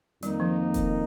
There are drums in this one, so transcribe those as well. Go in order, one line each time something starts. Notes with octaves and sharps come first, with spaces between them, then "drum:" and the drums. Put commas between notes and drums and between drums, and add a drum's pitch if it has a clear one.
F2 D#3 G3 A#3 D#4, drum: hi-hat
F3
drum: kick E1, hi-hat